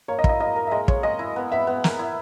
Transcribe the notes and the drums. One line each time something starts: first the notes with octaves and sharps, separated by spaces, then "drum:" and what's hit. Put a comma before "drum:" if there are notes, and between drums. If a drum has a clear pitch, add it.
A#3 C#5
D#5
E4, drum: kick
D#5
A#3 D#5
A#4
E5
G#3 D#5
G#3 C#5, drum: kick
G#3 D#5
E4
B3
B3 E5
B3
A#4, drum: snare
E4